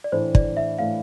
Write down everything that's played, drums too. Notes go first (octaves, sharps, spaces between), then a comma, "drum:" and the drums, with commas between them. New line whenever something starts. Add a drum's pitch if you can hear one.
D5
A2 E3 A3 D4 C5
D5, drum: kick
E5
A2 E3 A3 D4 F5